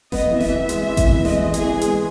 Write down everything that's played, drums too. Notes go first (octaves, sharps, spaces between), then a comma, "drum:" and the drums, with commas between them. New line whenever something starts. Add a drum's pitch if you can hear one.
B3 D#5, drum: snare F1
E3
E5, drum: snare F1
E3
G#3, drum: hi-hat
E3
drum: kick A1, hi-hat
E3
G#3 D#5, drum: snare F1
E3
G#4, drum: hi-hat
E3
G#3, drum: hi-hat